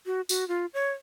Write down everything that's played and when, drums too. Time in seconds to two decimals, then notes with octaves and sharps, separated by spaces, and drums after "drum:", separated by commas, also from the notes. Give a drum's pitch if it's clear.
0.06 F#4
0.29 F#4, drum: tambourine
0.48 F4
0.74 C#5